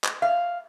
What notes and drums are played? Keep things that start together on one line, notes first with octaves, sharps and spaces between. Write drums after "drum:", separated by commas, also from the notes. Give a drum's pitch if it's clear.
drum: clap
F5